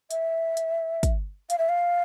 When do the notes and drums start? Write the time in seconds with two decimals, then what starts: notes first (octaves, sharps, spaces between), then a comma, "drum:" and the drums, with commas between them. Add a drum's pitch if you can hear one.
0.11 E5, drum: hi-hat
0.57 drum: hi-hat
1.03 drum: kick, hi-hat
1.50 F5, drum: hi-hat
1.58 E5
1.69 F5